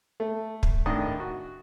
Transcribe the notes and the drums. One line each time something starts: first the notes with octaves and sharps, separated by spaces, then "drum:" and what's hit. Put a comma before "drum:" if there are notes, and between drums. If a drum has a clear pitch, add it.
A3
drum: kick
G#1 A2 D#3 D4 A#4 D#5
F#4